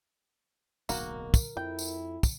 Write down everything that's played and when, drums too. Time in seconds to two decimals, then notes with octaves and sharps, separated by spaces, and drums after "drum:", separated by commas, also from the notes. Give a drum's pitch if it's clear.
0.89 D1 B1 G#2 A#3 F#4 A#4, drum: tambourine
1.34 drum: kick, tambourine
1.57 F2 E4 G5
1.79 drum: tambourine
2.23 drum: kick, tambourine